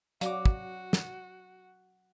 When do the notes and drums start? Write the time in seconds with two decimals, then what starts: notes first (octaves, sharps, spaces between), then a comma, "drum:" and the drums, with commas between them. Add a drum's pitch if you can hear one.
0.21 F#3 F#4 D5 F5 A#5 D6, drum: hi-hat
0.45 drum: kick
0.93 drum: snare